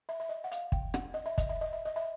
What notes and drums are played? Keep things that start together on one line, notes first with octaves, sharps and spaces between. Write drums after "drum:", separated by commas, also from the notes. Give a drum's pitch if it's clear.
E5
E5
D#5
F#5
F5, drum: hi-hat
G5, drum: kick
F#5, drum: rim click
D#5
E5
D#5, drum: kick, hi-hat
E5
D#5
E5
D#5
E5